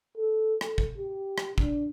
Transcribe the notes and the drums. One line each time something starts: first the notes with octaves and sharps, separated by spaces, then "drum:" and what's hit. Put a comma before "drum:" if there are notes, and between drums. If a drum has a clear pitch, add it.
A4
A4, drum: rim click
drum: kick
G4
drum: rim click
D4, drum: kick